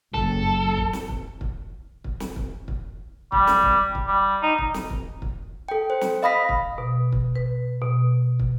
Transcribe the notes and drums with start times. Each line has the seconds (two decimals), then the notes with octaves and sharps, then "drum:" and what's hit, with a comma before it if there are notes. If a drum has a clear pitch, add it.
0.14 F#1 A4, drum: kick
0.77 drum: kick
0.93 drum: snare
1.09 drum: kick
1.41 drum: kick
2.04 drum: kick
2.20 drum: snare
2.36 drum: kick
2.68 drum: kick
3.32 G3, drum: kick
3.47 drum: snare
3.63 drum: kick
3.95 drum: kick
4.08 G3
4.43 D#4
4.58 drum: kick
4.74 drum: snare
4.90 drum: kick
5.22 drum: kick
5.69 A4 G5
5.90 C5
6.01 drum: snare
6.23 D#5 F5 B5 D#6 A#6 B6
6.49 drum: kick
6.78 B2
7.12 drum: kick
7.36 B4
7.82 B2
8.40 drum: kick